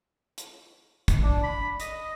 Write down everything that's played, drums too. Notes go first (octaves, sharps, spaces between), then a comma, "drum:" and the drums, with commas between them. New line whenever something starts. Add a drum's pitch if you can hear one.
drum: hi-hat
drum: kick, hi-hat
D4
B5
D#5, drum: hi-hat